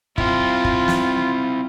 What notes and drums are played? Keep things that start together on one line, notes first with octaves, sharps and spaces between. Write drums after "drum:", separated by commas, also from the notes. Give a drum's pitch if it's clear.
C4 E4 F4, drum: kick
drum: kick
drum: snare